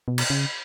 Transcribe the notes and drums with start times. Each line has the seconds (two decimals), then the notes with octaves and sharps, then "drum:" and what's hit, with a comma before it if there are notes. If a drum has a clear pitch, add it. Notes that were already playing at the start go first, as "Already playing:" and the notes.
0.08 B2
0.18 drum: cymbal
0.30 C#3